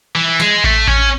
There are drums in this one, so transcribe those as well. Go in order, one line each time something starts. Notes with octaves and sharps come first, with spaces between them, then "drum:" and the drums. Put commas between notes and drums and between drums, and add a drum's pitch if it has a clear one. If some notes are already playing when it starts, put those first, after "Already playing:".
E3
G#3, drum: snare
A3, drum: kick A1
C#4, drum: kick A1